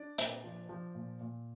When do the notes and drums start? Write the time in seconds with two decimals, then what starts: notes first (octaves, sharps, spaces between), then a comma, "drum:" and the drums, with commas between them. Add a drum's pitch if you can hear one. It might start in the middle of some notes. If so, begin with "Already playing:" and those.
Already playing: D4 D5
0.18 A#2, drum: hi-hat
0.44 F3
0.69 F3
0.95 A#2
1.20 A#2